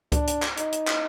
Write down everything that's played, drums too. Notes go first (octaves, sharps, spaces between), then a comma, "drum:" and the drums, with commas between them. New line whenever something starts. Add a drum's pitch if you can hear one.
D4, drum: kick C#2, hi-hat
drum: hi-hat
drum: clap
D#4, drum: hi-hat
drum: hi-hat
drum: clap